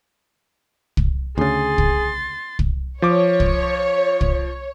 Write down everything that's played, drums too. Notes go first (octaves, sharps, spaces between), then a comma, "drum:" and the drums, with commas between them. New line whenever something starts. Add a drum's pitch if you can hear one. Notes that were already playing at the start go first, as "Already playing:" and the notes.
drum: kick
D2 C#3 G#4 C6 A6
drum: kick
drum: kick
F3 C#5 D6
drum: kick
drum: kick